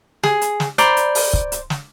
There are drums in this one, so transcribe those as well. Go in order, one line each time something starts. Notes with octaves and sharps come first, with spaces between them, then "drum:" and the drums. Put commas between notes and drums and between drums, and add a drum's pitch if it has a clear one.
G#4, drum: snare
drum: hi-hat
drum: snare
C5 D5 A#5 B5, drum: hi-hat
drum: hi-hat
drum: open hi-hat
drum: kick
drum: hi-hat
drum: snare